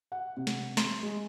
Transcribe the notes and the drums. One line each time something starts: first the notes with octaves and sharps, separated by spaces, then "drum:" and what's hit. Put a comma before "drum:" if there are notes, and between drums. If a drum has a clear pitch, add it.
F#5
C3
drum: snare
C6, drum: snare
G#3